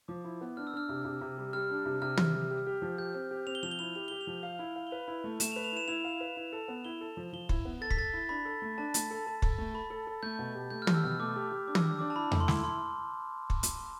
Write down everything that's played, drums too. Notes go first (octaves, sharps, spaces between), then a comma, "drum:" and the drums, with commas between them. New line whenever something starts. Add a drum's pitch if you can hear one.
F3 D6
E4
B3
D4 F6
E6
D4 F6
C3
C3
C3
G3
G3 F6
D4
C3
C3 F6
C3, drum: tom
G3
G4
G4
F3
G4 G6
C4
G4
C4 F7
G7
F3 F7
G7
E4 F7
G4 F7
G4 G7
F7
F3
F5 G7
E4
F5
G7
B4 F7
E4
A3
A3 E7, drum: hi-hat
F7
B4
F7
E4 E7
E4 F7
F5
B4
E4
A4
B3
E4 G7
A4
F3
F3 G7
E4, drum: kick
B3
A4 A6
B6, drum: kick
A4 A6
E4
D4 B5
A4
A3
D4 A5
A3, drum: hi-hat
A4 B5
A4 A5
A4, drum: kick
A3
A4 B5
A4
A4
A3 G6
B2
G4
A3 G6
F6
G4, drum: tom
E6
B2 F6
A3 D6
G4
G4
D4 D6
E6, drum: tom
G4 D6
E6
D4 D6
A5
E4 B5
A3, drum: tom E2
C6
E4, drum: snare
E4 C6
drum: kick
drum: hi-hat